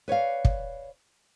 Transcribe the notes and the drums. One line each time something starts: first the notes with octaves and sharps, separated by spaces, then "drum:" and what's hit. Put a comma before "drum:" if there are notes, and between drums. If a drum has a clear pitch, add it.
B4 C#5 D5 F5
drum: kick